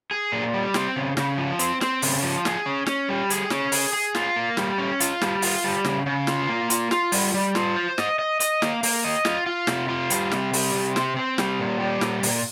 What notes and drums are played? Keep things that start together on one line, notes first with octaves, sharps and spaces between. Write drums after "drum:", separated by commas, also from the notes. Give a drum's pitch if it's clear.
G#4
A#2
G3
C4, drum: snare
C#3
C#3, drum: snare
F3
C4, drum: hi-hat
C4, drum: snare
C#3, drum: open hi-hat
F3
G#4, drum: snare
C#4
C#4, drum: snare
G3
G#4, drum: hi-hat
C#4, drum: snare
G#4, drum: open hi-hat
G#4
F4, drum: snare
A#3
G3, drum: snare
C#4
F4, drum: hi-hat
G3, drum: snare
F4, drum: open hi-hat
G3
C#3, drum: snare
C#3
F4, drum: snare
A#3
F4, drum: hi-hat
F4, drum: snare
G3, drum: open hi-hat
G3
F4, drum: snare
C5
D#5, drum: snare
D#5
D#5, drum: hi-hat
A#3, drum: snare
A#3, drum: open hi-hat
D#5
F4, drum: snare
F4
C3, drum: snare
F4
G3, drum: hi-hat
C3, drum: snare
G3, drum: open hi-hat
C3
C4, drum: snare
C4
G3, drum: snare
A#2
G3
A#2, drum: snare
A#2, drum: open hi-hat